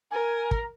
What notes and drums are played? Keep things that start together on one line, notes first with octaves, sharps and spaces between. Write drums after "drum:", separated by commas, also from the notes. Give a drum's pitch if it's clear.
A#4 G#5
A#5, drum: kick